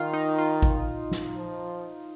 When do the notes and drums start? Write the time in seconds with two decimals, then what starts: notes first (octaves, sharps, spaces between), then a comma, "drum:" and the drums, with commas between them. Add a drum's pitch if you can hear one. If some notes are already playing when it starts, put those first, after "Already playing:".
Already playing: D#3 F4
0.13 D#4
0.38 F4
0.62 drum: kick G#1, hi-hat
1.11 drum: snare
1.36 F3